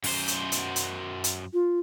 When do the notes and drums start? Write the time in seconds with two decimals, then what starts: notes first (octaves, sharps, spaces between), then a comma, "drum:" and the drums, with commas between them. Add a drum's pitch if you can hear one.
0.04 F#2 C5, drum: open hi-hat
0.28 drum: hi-hat
0.52 drum: hi-hat
0.76 drum: hi-hat
1.24 drum: hi-hat
1.53 F4